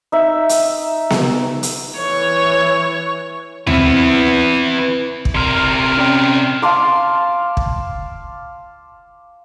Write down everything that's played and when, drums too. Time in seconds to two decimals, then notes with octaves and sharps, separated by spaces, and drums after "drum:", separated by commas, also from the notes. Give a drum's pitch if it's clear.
0.12 D#4 E5
0.49 drum: hi-hat
1.10 drum: snare B3
1.63 drum: hi-hat
1.97 E3 C#5
3.67 E3 B3 C4 E4 E5, drum: tom D2
5.25 drum: kick
5.35 C3 A#4 C6 F6
5.98 C#4 D5 G5
6.62 F5 A5 C6 D6
7.57 drum: kick